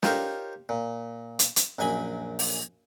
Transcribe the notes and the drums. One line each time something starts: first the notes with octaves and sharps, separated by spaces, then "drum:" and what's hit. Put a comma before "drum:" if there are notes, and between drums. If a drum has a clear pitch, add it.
D#4 F4 G4 A#4 C5 C#5, drum: snare
A#2
drum: hi-hat
drum: hi-hat
A#1 F#2 D#5 G#5 B5
drum: open hi-hat